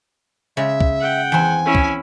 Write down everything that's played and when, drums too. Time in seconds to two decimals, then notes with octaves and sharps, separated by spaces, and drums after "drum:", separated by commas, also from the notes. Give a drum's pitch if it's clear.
0.57 C#3 G#3 E5
0.81 drum: kick
1.00 F#5 G5
1.32 E2 C4 G#5
1.65 C#4 E4
1.75 drum: kick